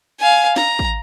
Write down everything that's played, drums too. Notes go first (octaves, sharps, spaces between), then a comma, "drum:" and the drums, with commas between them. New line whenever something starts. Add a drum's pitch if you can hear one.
F5 G#5
A#5, drum: snare
drum: kick